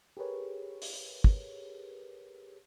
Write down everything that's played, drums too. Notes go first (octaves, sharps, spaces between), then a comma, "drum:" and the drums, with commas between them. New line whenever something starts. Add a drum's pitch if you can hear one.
G4 G#4 A#4 B4 C#5
drum: open hi-hat
drum: kick